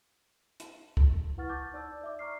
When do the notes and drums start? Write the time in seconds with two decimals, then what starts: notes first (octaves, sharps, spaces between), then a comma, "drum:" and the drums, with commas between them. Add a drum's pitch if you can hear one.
0.60 drum: hi-hat
0.97 drum: kick C#2
1.37 E4 B4 F#5 C#6 F6 A6
1.49 A5 C#6 D6 G6 A6
1.72 D#4 C5 D5 A5 E6 G6
2.01 D5 E5 D6
2.19 D5 E5 A#5 C#6 F6 C7